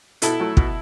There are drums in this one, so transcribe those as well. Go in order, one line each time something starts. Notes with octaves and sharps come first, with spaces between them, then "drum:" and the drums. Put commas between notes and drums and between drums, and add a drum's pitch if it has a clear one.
B2 E4 A4, drum: hi-hat
F#3 A3
B2, drum: kick